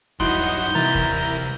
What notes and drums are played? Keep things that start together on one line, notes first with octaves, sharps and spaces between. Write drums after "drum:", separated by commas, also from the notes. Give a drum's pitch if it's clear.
G2 F#3 D#4 E4 F#4 C6 G6, drum: kick D#2
C2 E3 A#4 A#5 A6, drum: snare A#3
drum: kick D#2